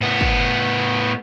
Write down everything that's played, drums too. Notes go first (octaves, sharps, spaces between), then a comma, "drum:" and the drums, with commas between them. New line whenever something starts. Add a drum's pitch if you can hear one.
A2 B3
drum: kick